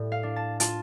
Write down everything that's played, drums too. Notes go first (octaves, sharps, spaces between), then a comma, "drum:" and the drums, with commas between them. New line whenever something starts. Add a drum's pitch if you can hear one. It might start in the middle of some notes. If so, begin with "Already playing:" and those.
Already playing: A2 G3 D5
F5
D4
A5
F4 A5, drum: hi-hat